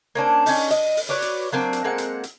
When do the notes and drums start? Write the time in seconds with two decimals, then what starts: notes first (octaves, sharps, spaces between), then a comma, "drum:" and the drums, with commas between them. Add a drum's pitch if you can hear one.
0.15 A#3 C#4 D4 C5
0.46 C#4 D#4, drum: open hi-hat
0.71 D#5, drum: hi-hat
0.97 drum: open hi-hat
1.09 F#4 B4 C#5 D5
1.22 drum: hi-hat
1.52 F#3 A#3 C4 D4
1.73 drum: hi-hat
1.84 G#3 A#3 C4 F#5
1.98 drum: hi-hat
2.23 drum: hi-hat